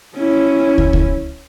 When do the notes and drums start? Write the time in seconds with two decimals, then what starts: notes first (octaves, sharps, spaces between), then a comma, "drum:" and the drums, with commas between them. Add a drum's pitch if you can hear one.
0.17 C#4 E4
0.78 drum: kick
0.93 drum: kick